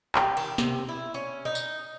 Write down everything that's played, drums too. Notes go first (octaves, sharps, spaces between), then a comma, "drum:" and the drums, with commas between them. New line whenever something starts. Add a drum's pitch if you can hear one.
G4, drum: clap
D#3, drum: cymbal
C3, drum: snare
E4
C#4
D#4
drum: tambourine